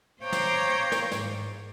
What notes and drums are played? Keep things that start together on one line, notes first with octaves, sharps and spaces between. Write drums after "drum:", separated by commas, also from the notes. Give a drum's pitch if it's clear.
C5 C#5 F5 G5 A#5 D6
drum: snare
drum: snare
G#2, drum: snare